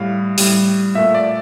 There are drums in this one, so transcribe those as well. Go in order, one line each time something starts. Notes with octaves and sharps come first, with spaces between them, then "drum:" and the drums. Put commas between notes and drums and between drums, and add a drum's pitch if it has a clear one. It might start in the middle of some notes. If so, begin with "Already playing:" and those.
Already playing: A2 G3 F5
A2 G3, drum: open hi-hat
A#2 A3 E5
D5